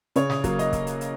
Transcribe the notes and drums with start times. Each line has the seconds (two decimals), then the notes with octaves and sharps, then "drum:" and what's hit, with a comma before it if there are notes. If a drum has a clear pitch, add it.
0.16 C#3 C#5, drum: hi-hat
0.30 D#6, drum: snare
0.44 F#3 A#3, drum: kick, hi-hat
0.59 D#5, drum: hi-hat
0.73 drum: kick, hi-hat
0.87 drum: hi-hat
1.01 drum: hi-hat